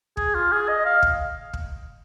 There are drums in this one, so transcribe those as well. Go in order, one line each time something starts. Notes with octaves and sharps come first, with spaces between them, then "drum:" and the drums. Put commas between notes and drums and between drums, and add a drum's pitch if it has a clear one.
G#4, drum: kick
F4
G#4
D#5
F5
drum: kick
drum: kick